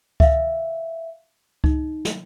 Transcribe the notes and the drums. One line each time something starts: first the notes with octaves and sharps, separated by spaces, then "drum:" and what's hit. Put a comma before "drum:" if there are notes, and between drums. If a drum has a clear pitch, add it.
E5 F5, drum: kick C#2
D#4, drum: kick C#2
drum: snare